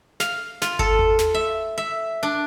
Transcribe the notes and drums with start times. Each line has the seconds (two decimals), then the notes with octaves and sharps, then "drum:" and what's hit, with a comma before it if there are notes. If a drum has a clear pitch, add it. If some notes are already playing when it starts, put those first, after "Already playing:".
0.20 F5, drum: snare
0.62 F4, drum: snare
0.79 A4, drum: kick G1
0.99 drum: tom D#2
1.19 drum: snare
1.34 E5
1.78 E5
2.23 D4